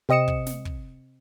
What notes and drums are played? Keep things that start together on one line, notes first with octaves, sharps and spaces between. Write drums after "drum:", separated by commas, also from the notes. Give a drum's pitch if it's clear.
C3 C4 D#5 D#6 C#7 E7
drum: kick
drum: snare
drum: kick